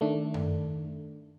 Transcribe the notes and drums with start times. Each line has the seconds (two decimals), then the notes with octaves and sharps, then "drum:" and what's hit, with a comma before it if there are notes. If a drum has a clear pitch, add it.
0.01 D#3 A3 D4
0.34 drum: tom F#2